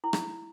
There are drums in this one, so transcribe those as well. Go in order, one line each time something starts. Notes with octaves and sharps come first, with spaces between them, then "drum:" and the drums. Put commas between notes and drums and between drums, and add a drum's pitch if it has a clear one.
E4
drum: rim click